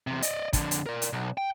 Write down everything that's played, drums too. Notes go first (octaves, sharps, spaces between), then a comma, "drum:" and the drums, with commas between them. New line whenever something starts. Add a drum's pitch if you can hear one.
E2 C3
D5 D#5, drum: hi-hat
F2 D3, drum: kick, hi-hat
drum: hi-hat
A#4 D5
drum: hi-hat
B1
G5